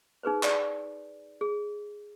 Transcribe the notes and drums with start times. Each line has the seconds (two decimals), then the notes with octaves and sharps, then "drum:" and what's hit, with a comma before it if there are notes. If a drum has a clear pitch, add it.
0.23 D#4 G#4 B4 C5
0.43 D5, drum: clap
1.41 G#4